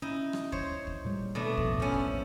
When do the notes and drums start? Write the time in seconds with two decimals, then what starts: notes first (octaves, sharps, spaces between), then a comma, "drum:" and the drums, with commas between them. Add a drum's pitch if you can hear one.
0.02 C#4 D#4 E4
0.33 drum: rim click
0.52 C5 C#5, drum: kick
0.87 drum: kick
1.05 A#2 G3 G#3
1.35 B2 A3 D4
1.57 A#1 F2 A2, drum: kick
1.80 F3 C#4 E4
1.94 drum: kick